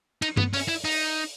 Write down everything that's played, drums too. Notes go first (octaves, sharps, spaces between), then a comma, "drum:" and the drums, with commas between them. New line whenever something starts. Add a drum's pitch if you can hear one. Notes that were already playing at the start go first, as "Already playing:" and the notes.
D#4, drum: cymbal
B3, drum: tom G2
C#4, drum: open hi-hat
E4
D#4, drum: open hi-hat